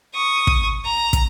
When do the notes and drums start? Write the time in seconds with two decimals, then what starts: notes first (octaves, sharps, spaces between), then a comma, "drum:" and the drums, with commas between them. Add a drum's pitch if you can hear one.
0.14 C#6 D#6
0.47 drum: kick
0.85 A#5
1.13 drum: kick, hi-hat